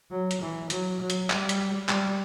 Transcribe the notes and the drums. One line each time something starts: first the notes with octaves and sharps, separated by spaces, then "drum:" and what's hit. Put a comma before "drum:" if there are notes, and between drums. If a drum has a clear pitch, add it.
F#3
drum: hi-hat
E3
F#3, drum: hi-hat
F#3
drum: hi-hat
G3, drum: clap
drum: hi-hat
G3, drum: clap